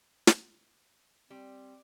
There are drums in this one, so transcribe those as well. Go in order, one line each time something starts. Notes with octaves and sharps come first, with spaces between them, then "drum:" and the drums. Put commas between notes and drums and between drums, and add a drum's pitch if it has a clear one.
drum: snare
G3 C4